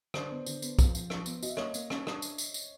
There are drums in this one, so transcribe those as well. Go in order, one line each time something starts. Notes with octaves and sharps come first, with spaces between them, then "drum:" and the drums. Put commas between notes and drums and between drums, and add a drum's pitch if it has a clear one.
D3 C5 D5, drum: rim click
B3
D3, drum: tambourine
B3, drum: tambourine
F3, drum: kick, tambourine
F3, drum: tambourine
F3, drum: rim click
B3, drum: tambourine
F#4 D#5, drum: tambourine
E5
A#3 C#5 D#5, drum: rim click
A#3, drum: tambourine
C#4, drum: rim click
D4, drum: rim click
drum: tambourine
drum: tambourine
drum: tambourine